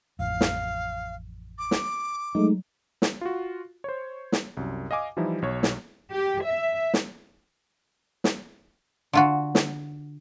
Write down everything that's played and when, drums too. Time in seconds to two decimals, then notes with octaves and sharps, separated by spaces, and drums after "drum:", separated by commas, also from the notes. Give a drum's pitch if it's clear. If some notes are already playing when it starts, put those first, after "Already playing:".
0.19 A1 F2 F5
0.41 drum: snare
1.58 D6
1.71 drum: snare
2.35 F#3 G#3 A3 D#4
3.02 drum: snare
3.21 F4 F#4
3.84 C5 C#5
4.32 drum: snare
4.57 C2 F#2
4.91 D#5 F5 G#5 D6
5.17 E3 F3 G3 D#4 E4
5.42 B1 C#5
5.63 drum: snare
6.11 G4
6.45 E5
6.94 drum: snare
8.24 drum: snare
9.13 D3 F4 F#4
9.55 drum: snare